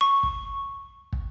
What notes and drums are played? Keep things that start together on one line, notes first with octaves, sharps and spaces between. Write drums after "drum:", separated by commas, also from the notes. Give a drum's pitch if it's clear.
C#6
drum: kick
drum: kick